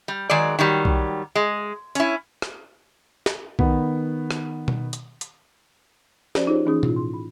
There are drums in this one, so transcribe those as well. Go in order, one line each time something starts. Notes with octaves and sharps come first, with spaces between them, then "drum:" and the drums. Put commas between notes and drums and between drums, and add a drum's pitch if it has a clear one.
G3
D#3 F#3 G#3 D5
D#3 F#3 G3
drum: kick B1
G#3
C#4 E4, drum: hi-hat
drum: rim click
drum: snare
D#3 B3, drum: kick B1
drum: rim click
drum: tom B2
drum: hi-hat
drum: hi-hat
F3 C#4 F#4 A4 C5 D5, drum: snare
D#4 F4 G4 G#4 C5 C#5
E3 A#3 C#4 D#4 G#4 D#6
A2 E4 F4, drum: tom B2
C6
B5